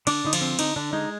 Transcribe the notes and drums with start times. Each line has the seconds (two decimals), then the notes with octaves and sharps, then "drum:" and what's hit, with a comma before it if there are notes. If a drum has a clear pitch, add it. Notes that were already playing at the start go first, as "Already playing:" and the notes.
0.07 D3 D4 D5, drum: cymbal
0.25 D3 D#4
0.33 F3 F4, drum: cymbal
0.41 C4
0.59 D3 D#4, drum: cymbal
0.76 D3 D4
0.93 G#3 D#4